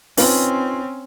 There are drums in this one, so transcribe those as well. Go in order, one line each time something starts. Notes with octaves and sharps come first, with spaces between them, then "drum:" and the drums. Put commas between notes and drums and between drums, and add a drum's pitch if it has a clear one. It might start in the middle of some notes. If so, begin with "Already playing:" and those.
C4 C#4 D#4 F4 B4, drum: open hi-hat